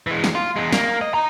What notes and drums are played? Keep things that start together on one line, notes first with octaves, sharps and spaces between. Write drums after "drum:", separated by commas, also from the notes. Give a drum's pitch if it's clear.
E3 G#3
drum: snare
F4
E2 G#3
A#3, drum: snare
D#5
D#5 A#5